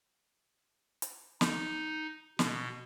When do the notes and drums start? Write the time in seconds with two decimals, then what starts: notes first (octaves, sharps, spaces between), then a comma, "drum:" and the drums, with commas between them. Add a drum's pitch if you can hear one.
1.02 drum: hi-hat
1.41 D#4, drum: snare
2.39 B2, drum: snare